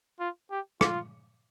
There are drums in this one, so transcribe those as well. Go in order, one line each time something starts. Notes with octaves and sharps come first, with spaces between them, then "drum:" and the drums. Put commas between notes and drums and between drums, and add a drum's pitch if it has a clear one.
F4
G4
F4, drum: rim click